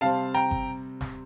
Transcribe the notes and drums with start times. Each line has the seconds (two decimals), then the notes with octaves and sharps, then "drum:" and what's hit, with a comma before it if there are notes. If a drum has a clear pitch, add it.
0.01 C3 G3 C4 F5 A5
0.34 G5 A#5
0.51 drum: kick G1
1.01 drum: snare